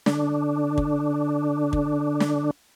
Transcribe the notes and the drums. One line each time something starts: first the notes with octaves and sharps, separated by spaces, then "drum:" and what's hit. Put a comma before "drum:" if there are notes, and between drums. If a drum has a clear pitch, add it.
D3 D4, drum: snare
drum: kick
drum: kick
drum: snare